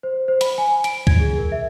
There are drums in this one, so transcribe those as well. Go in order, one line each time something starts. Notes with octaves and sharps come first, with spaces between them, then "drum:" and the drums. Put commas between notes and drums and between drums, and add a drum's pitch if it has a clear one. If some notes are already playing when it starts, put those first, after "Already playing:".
C5
C5
B5, drum: hi-hat
G#5
D7, drum: hi-hat
G#6, drum: kick
G#4
A#4
E5